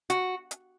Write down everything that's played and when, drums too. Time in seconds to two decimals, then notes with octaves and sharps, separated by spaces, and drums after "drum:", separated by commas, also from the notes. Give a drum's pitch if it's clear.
0.10 F#4, drum: hi-hat
0.51 drum: hi-hat